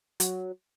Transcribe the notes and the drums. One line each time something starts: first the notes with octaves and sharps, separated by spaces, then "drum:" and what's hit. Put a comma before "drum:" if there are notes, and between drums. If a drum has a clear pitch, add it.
F#3, drum: hi-hat